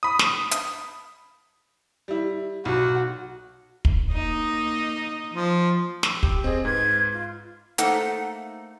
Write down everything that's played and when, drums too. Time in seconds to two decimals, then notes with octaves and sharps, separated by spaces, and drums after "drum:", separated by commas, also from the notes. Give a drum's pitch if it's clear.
0.03 B5 D#6
0.19 drum: snare
0.51 drum: hi-hat
2.08 G3 E4
2.65 B1 F#4
3.85 drum: kick
4.12 A#3 D#4 D#5
5.34 F3
6.03 E6, drum: snare
6.23 G4, drum: kick
6.44 C4 G#4 D#5
6.65 G#2 B4 G#6
7.12 F4
7.78 A3 A#3 D#4 A4 C5 F#5, drum: hi-hat